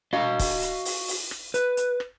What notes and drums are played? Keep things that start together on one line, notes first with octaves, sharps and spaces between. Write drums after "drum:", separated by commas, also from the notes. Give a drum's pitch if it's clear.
F#4 D#5 F5
drum: kick, open hi-hat
drum: hi-hat
drum: open hi-hat
drum: open hi-hat
drum: rim click
B4, drum: hi-hat
drum: hi-hat
drum: rim click